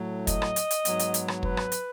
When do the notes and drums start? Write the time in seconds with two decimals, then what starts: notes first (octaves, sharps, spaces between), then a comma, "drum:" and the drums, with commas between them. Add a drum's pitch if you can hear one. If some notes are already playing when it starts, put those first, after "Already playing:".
Already playing: A2 F#3 A3
0.27 D#5, drum: kick, hi-hat
0.42 drum: rim click
0.56 drum: hi-hat
0.71 drum: hi-hat
0.85 G#2 F#3 B3, drum: hi-hat
0.99 drum: hi-hat
1.14 drum: hi-hat
1.28 drum: rim click
1.43 B4, drum: kick
1.57 drum: rim click
1.72 drum: hi-hat